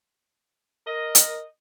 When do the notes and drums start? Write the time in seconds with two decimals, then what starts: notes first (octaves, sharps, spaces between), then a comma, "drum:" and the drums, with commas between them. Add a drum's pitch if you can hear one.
0.87 A#4 D#5
1.15 drum: hi-hat